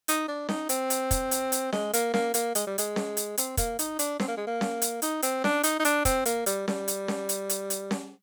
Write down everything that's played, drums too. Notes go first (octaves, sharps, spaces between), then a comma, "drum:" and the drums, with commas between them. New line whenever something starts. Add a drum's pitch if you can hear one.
D#4, drum: hi-hat
D4
D#4, drum: snare C#4
C4, drum: hi-hat
drum: hi-hat
drum: kick, hi-hat
drum: hi-hat
drum: hi-hat
G#3, drum: snare C#4
A#3, drum: hi-hat
A#3, drum: snare C#4
A#3, drum: hi-hat
G#3, drum: hi-hat
G3
G#3, drum: hi-hat
drum: snare C#4
drum: hi-hat
C4, drum: hi-hat
A#3, drum: kick, hi-hat
D#4, drum: hi-hat
D4, drum: hi-hat
C4, drum: snare C#4
A#3
G#3
A#3
drum: snare C#4
drum: hi-hat
D#4, drum: hi-hat
C4, drum: hi-hat
D4, drum: snare C#4
D#4, drum: hi-hat
D#4
D4, drum: hi-hat
C4, drum: kick, hi-hat
A#3, drum: hi-hat
G3, drum: hi-hat
G3, drum: snare C#4
drum: hi-hat
drum: snare C#4
drum: hi-hat
drum: hi-hat
drum: hi-hat
drum: snare C#4